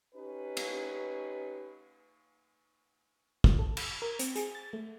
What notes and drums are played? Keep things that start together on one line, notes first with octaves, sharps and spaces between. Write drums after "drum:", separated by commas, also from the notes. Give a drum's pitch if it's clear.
C#4 D#4 G4 B4
drum: cymbal
drum: kick
A4
B5, drum: cymbal
A#4
C4, drum: hi-hat
G#4, drum: hi-hat
A6
A3